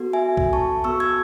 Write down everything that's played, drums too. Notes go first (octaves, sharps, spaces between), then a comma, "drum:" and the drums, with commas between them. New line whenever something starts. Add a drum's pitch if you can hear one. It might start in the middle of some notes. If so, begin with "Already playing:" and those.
Already playing: B3 F#4 A4
E5 G#5
drum: kick
A5 C#6
B3 F#4 A4 C#6 E6
E6 G#6